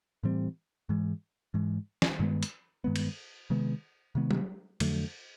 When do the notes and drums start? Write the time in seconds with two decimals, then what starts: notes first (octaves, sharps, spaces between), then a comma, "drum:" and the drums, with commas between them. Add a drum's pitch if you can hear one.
0.23 A2 E3 G3 C4
0.89 G#2 E3 G#3
1.54 G#2 E3 G#3
2.02 drum: snare
2.19 G2 D#3 G#3 B3
2.43 drum: hi-hat
2.84 G2 D#3 G#3 B3
2.96 drum: cymbal
3.50 C3 D#3 G#3 B3
4.15 C3 D#3 G#3 B3
4.31 drum: tom F#3
4.80 F2 D3 F#3 A3, drum: cymbal